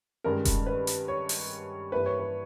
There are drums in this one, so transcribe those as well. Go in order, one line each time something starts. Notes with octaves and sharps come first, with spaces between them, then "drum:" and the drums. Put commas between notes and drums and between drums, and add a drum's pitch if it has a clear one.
G2 D#3 G#3 C#4 A#4
drum: kick E1, hi-hat
B4
drum: hi-hat
C#5
drum: open hi-hat
G2 E3 A#3 B4
C#5
B4